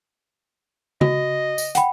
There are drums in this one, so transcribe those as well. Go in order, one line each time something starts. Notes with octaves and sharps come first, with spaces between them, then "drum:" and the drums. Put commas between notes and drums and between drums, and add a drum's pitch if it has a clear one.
F#4 D#5, drum: tom C#3
drum: tambourine
F#5 G5 B5, drum: hi-hat